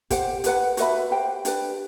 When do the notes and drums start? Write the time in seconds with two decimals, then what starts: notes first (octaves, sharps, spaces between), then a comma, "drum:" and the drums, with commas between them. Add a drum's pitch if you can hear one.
0.10 G4 C5 F#5, drum: kick G#1, hi-hat
0.44 G4 B4 F#5, drum: hi-hat
0.77 F#4 B4 E5 B5, drum: hi-hat
1.11 G4 C5 G5
1.45 D4 G4 B4, drum: hi-hat